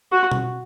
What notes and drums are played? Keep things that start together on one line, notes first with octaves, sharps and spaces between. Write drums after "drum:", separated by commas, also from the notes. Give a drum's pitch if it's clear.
F#4
drum: tom B2